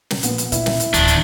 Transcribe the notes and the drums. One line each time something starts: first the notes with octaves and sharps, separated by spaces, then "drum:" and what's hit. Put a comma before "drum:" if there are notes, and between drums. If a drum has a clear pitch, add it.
drum: snare
A#1 B3, drum: hi-hat
drum: hi-hat
A#2 E4, drum: hi-hat
drum: snare
drum: hi-hat
D1 E2 D#3 D4, drum: hi-hat
drum: hi-hat